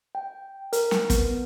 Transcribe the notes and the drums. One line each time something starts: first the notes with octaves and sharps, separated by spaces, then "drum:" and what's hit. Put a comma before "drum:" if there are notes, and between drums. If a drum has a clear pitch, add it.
G5
A#4, drum: hi-hat
drum: snare
B3, drum: kick, hi-hat